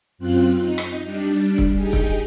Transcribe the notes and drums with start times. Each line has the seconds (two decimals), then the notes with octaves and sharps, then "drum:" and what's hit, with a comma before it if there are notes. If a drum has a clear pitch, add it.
0.18 F#2 C4 F4 F#6
0.58 D#4
0.78 drum: rim click
1.03 G3 D4
1.58 drum: kick
1.75 D#4 G4 G#4
1.93 drum: kick